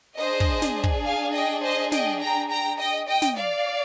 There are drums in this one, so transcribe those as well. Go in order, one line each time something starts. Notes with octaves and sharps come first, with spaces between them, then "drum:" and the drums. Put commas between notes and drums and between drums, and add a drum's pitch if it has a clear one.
D4 G#4 C5 D#5
drum: kick
drum: snare
drum: kick
F5 G#5
D#5 G5
C5 D#5
D#5 G5, drum: snare
G5 A#5
G5 A#5
D#5 G5
D#5 G5
drum: snare
D5 F5